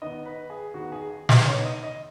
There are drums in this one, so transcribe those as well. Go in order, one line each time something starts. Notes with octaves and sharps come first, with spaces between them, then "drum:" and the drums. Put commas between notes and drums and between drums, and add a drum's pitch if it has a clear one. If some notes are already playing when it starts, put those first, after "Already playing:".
D#3 B3 D#4 D#5
B4
G#4
D#3 B3 D#4 F#4
G#4
G#4
B4, drum: snare
D#3 B3 D#4 C#5
D#5
D#5